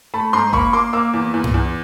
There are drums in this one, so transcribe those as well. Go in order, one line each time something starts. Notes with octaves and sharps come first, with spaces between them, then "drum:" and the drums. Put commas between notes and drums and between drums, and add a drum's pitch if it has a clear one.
A3 A5 B5
G#2 A#5 C6
A#3 B5 C#6, drum: kick G1
A#3 C6 D6
A#3 D6 E6
E2
E2
drum: tom G2
E2